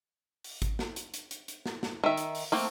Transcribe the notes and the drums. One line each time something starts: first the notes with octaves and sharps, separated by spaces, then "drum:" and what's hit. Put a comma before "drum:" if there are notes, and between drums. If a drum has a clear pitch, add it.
drum: open hi-hat
drum: kick G#1, hi-hat
drum: snare
drum: hi-hat
drum: hi-hat
drum: hi-hat
drum: hi-hat
drum: snare
drum: snare
D#3 E5
drum: hi-hat
drum: open hi-hat
A3 A#3 C4, drum: open hi-hat